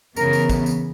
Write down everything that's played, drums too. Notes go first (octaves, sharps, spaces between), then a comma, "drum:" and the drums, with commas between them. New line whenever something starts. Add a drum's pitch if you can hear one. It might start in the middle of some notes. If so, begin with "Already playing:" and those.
C#3 E3 B3 A#4, drum: tambourine
drum: tambourine
drum: kick, tambourine
drum: tambourine